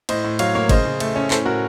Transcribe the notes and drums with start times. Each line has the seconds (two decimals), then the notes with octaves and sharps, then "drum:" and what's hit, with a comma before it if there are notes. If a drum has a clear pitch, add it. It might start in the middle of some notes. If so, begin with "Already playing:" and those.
0.09 A2 C5 D#5, drum: cymbal
0.24 A2
0.39 F#3 C#5 F5, drum: cymbal
0.55 A#3 C#5 F5
0.69 C#3 C5 D#5, drum: kick G#1, cymbal
0.85 C#3
1.00 A3, drum: cymbal
1.16 C#4
1.31 A2 A4 C5, drum: clap
1.45 A2 F#4 A#4